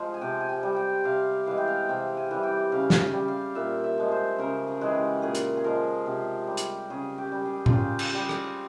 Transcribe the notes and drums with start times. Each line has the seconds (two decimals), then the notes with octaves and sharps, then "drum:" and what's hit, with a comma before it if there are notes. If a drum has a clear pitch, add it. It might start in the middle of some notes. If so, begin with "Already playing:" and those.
Already playing: F3 G#3 F5
0.14 G#5
0.21 C3 G5
0.40 G#5
0.49 G5
0.63 G3
0.76 G5
1.04 C3 F5
1.46 E3 G#3 F5
1.58 G5
1.68 F5
1.89 C3 G5
2.17 G#5
2.31 E3 G3
2.43 G5
2.72 C#3 F5
2.90 drum: snare
3.13 G3
3.28 F5
3.55 A#2 E5
3.84 E5
3.98 F3 G#3
4.12 C5
4.38 C#3 A#4
4.67 G#4
4.81 E3 G#3
4.95 G4
5.22 A#2 G#4
5.35 drum: hi-hat
5.57 G#4
5.64 F3 G#3 A#4
6.06 C3
6.47 G3
6.57 drum: hi-hat
6.90 C#3 G#4
7.18 G4
7.32 G3
7.46 G#4
7.66 F4, drum: tom A2
7.73 C#3 G4
7.99 drum: cymbal
8.10 G3 G4 G#4
8.29 drum: rim click